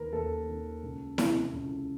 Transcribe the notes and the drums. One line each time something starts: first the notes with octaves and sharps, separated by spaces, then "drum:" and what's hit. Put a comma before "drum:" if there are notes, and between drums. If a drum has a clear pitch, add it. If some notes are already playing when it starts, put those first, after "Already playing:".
Already playing: D#2 D#3 A#4 B4
D#2 A4
D#3
C#2
C3 E3, drum: snare E4
C#2